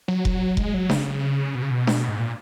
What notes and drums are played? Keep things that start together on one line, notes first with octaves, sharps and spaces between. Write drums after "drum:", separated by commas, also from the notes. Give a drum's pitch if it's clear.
F#3
drum: kick F1
G#3, drum: kick F1
F#3
C#3, drum: snare D4
B2
C#3
B2
drum: snare D4
G#2
A#2